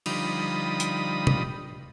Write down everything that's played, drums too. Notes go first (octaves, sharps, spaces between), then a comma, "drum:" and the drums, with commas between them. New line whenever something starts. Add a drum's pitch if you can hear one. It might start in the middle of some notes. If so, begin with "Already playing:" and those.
D3 F3 G3 D#4 B5 D#6, drum: cymbal
drum: hi-hat
drum: tom